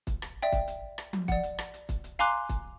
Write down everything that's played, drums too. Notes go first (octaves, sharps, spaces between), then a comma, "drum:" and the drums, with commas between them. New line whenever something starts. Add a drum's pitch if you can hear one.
drum: kick, hi-hat
drum: rim click
D5 E5 G5
drum: kick, hi-hat
drum: hi-hat
drum: rim click
drum: tom F3
D5 F#5, drum: kick, hi-hat
drum: hi-hat
drum: rim click
drum: hi-hat
drum: kick, hi-hat
drum: hi-hat
F5 G#5 A#5 C6 D6 F#6, drum: hi-hat
drum: kick, hi-hat